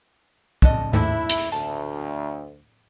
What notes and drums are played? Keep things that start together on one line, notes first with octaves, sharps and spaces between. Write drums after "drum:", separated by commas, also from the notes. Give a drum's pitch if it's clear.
D4 A4 D#5, drum: kick
D#2 G#2 C3 F3 A3 D4 E4
drum: hi-hat
D2 A5